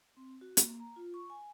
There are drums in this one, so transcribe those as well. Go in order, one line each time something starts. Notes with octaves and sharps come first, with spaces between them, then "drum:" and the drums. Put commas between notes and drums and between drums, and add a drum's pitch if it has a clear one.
C4
F#4
A#3, drum: hi-hat
A#5
F4
C#6
G#5